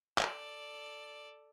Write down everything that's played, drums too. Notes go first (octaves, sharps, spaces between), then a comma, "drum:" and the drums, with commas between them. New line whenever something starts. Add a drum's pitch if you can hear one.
A4 D5, drum: clap